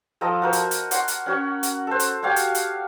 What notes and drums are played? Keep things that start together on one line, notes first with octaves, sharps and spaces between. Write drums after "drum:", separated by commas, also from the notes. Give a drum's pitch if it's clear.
F3 A4 D#5 A#5
F#4 A#4 C5
drum: hi-hat
drum: hi-hat
C#5 F#5 C6 D6, drum: hi-hat
drum: hi-hat
C#4 F#4 C#5
drum: hi-hat
A4 C5
drum: hi-hat
F#4 G4 C#5 F5
drum: hi-hat
drum: hi-hat